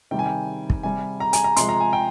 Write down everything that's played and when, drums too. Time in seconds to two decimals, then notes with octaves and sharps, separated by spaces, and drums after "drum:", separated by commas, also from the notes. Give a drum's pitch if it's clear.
0.11 C3 D#3 G3 G5
0.19 G#5
0.26 G5
0.70 drum: kick
0.83 C3 G3 G#5
1.20 A#5
1.33 G#5, drum: hi-hat
1.44 A#5
1.56 C3 F3 G#3 C6, drum: hi-hat
1.69 A#5
1.80 G#5
1.93 G5